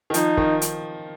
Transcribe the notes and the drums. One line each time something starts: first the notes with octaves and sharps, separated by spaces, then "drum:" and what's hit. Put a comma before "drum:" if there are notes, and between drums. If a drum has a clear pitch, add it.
D#3
F3 D#4, drum: hi-hat
D#3, drum: kick
drum: hi-hat